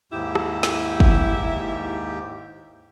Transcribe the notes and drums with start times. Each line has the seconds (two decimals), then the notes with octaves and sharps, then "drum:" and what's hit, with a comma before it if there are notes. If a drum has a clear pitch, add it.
0.12 D#2 G#2 E4 G4
0.35 drum: rim click
0.63 drum: snare
1.00 drum: kick